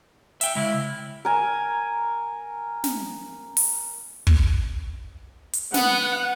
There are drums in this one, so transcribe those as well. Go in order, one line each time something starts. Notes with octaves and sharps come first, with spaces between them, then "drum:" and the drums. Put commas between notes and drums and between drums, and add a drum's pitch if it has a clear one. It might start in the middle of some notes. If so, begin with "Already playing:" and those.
E5 G5, drum: hi-hat
C#3 G#3 E4
A#4 G#5
drum: snare
drum: open hi-hat
drum: kick
drum: hi-hat
B3 F#5, drum: snare